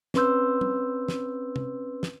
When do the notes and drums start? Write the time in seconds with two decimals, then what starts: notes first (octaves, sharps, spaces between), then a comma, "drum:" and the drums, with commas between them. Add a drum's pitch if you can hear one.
0.14 C4 C#4 B4 C6 E6 G6, drum: snare
0.61 drum: tom
1.08 drum: snare
1.56 drum: tom C3
2.03 drum: snare